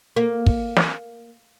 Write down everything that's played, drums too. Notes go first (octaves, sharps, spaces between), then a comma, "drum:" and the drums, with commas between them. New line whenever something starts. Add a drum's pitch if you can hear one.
A#3
drum: kick
drum: snare